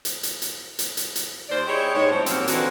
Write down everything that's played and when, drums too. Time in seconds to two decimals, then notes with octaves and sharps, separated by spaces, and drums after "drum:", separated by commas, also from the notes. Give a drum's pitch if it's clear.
0.05 drum: hi-hat
0.23 drum: hi-hat
0.42 drum: hi-hat
0.79 drum: hi-hat
0.97 drum: hi-hat
1.16 drum: hi-hat
1.49 D#2 C5 D5
1.67 E4 G4 G#4 C#5 D#5 E5
1.94 G#2 C#5
2.11 F3 G3 A3 C4 C#4
2.26 D#2 A#2 F#3 A#3 C4, drum: hi-hat
2.48 D3 E3 C4 D#4 F#4, drum: hi-hat